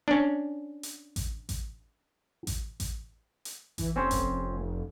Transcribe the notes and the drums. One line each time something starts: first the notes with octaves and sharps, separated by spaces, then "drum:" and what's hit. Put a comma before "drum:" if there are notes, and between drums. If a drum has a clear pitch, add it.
C#4 D4
drum: hi-hat
drum: kick A1, hi-hat
drum: kick A1, hi-hat
drum: kick A1, hi-hat
drum: kick A1, hi-hat
drum: hi-hat
E3, drum: kick A1, hi-hat
F1 C4 C#4 C5
drum: kick A1, hi-hat